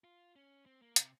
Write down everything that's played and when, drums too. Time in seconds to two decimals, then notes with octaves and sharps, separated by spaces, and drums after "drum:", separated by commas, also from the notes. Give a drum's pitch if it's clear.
0.04 F4
0.36 C#4
0.66 C4
0.82 A#3
0.96 C3, drum: hi-hat